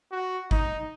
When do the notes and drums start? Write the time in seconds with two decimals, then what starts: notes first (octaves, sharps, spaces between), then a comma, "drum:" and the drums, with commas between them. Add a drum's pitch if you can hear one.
0.12 F#4
0.51 D#4, drum: kick